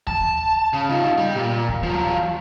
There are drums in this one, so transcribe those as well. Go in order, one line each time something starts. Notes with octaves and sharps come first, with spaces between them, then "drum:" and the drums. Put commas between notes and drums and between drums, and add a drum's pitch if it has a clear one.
A5, drum: kick D#2
C#3
D#4 F4
G3
A#2
drum: kick D#2
F3 F#3